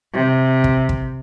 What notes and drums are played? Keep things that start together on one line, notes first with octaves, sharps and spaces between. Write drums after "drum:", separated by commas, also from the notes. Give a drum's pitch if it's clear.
C3
drum: kick
drum: kick